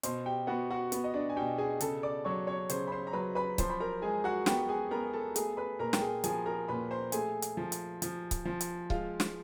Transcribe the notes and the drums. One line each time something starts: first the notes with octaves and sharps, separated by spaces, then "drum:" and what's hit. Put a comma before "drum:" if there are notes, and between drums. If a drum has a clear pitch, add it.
B2 C5 C6, drum: hi-hat
G4 G5
B3 F#4 F#5
F#4 F#5
B3, drum: hi-hat
D#5
D4 D5
G#5
B2 G4 G5
G#4 G#5
C#3 A4 A5, drum: hi-hat
D5 D6
F#3 C#5 C#6
C#5 C#6
C#3 C5 C6, drum: hi-hat
B5
C5 C6
A#5
F#3 B4 B5
B4 B5
F3 C5 C6, drum: kick C#1, hi-hat
B5
A#4 A#5
G#3 G#4 G#5
F#4 F#5
B3 G4 G5, drum: snare
G#4 G#5
B3 A#4 A#5
A4 A5
A3 G#4 G#5, drum: hi-hat
B4 B5
A#2 A#4 A#5
G5, drum: snare
G#4 G#5
F3 G#4 G#5, drum: hi-hat
A#4 A#5
A#2 B4 B5
C5 C6
A3 G#4 G#5, drum: hi-hat
drum: hi-hat
F3
drum: hi-hat
F3, drum: hi-hat
drum: kick C#1, hi-hat
F3
drum: hi-hat
G#3 F4 F5, drum: kick C#1
drum: snare